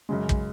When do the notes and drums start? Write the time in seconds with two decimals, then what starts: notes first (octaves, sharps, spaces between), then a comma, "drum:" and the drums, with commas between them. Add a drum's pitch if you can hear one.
0.09 F#2 C#3 G#3
0.29 drum: kick